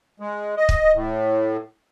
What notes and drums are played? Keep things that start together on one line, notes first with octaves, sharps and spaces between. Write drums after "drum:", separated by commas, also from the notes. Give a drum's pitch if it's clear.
G#3
D#5
drum: kick
A2